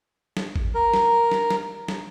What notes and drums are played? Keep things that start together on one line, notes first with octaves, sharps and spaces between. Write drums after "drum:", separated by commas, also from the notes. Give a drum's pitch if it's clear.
drum: snare
drum: kick G#1
A#4
drum: snare
drum: snare
drum: snare
drum: snare